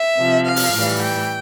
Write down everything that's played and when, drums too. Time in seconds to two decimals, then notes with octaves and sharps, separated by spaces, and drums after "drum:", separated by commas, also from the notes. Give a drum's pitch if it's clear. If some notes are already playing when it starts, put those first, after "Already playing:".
Already playing: E5
0.19 C3 F3
0.46 F5
0.56 drum: open hi-hat
0.74 A2 E3 G3
1.03 G5